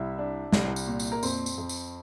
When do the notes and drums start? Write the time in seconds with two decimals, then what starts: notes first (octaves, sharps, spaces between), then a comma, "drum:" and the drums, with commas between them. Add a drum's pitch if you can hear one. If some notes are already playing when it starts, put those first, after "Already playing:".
Already playing: C2 E4 E5
0.18 D4
0.53 C2, drum: snare
0.76 drum: tambourine
0.87 A#2
1.00 drum: tambourine
1.12 A#4
1.23 F2 C4 C5, drum: tambourine
1.46 drum: tambourine
1.58 F2
1.69 drum: tambourine